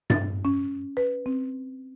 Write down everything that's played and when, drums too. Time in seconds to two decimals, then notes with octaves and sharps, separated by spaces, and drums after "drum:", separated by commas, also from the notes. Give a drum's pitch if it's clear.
0.10 A6, drum: tom G2
0.45 C#4
0.97 B4
1.26 C4